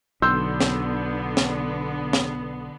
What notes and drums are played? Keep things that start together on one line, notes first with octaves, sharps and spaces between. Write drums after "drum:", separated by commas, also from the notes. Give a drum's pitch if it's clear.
B1 D3 B3 C6 E6 G6
drum: snare
drum: snare
drum: snare